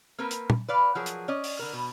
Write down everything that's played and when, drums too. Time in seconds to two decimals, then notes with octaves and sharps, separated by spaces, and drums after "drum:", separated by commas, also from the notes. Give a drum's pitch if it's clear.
0.19 A#3 C4 A#4 B4
0.31 drum: hi-hat
0.50 drum: tom
0.68 B4 D5 F5
0.95 F3 F#3 G#4 A#4
1.06 drum: hi-hat
1.28 C#4 D5 D#5
1.44 drum: open hi-hat
1.59 D3 A#4
1.73 B2